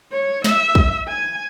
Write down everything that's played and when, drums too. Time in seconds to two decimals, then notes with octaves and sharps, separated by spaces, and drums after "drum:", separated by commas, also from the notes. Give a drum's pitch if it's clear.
0.12 C#5
0.44 E5, drum: snare
0.75 drum: kick
1.08 G#5